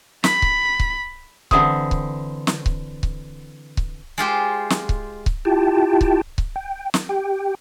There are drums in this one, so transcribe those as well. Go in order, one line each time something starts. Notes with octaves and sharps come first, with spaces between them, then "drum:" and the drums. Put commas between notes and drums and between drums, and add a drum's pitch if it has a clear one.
B5, drum: snare
drum: kick C#1
drum: kick C#1
D3 E3 C4 D#6, drum: kick C#1
drum: kick C#1
drum: snare
drum: kick C#1
drum: kick C#1
drum: kick C#1
G#3 F4 G4 C5
drum: snare
drum: kick C#1
drum: kick C#1
E4 F4 G4 G5 A5
drum: kick C#1
drum: kick C#1
G5
drum: snare
G4 G5